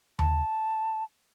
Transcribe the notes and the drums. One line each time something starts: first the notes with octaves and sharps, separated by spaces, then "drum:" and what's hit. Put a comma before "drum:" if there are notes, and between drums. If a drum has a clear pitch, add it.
A5, drum: tom D#2